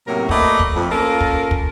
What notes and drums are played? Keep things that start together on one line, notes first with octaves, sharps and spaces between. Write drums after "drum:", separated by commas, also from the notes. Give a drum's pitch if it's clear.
A2 C3 F#3 A#3 C#4 A#4
A3 A#3 F#4 B4 D5 D#5, drum: kick
drum: kick
F2
A#3 C#4 F4 A4 A#4
drum: kick
drum: kick